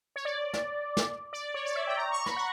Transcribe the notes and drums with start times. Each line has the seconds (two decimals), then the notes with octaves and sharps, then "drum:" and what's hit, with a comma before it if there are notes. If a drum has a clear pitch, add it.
0.16 C#5
0.25 D5
0.54 drum: snare
0.97 drum: snare
1.33 D5
1.54 C#5
1.65 D5
1.75 E5
1.87 G5
1.97 A#5
2.12 C#6
2.26 B5, drum: snare
2.36 F#5